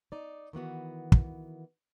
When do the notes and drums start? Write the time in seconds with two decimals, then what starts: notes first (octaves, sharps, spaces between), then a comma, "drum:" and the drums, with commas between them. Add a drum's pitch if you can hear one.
0.12 D#4 D5
0.53 D#3 E3 B3 F#4
1.12 drum: kick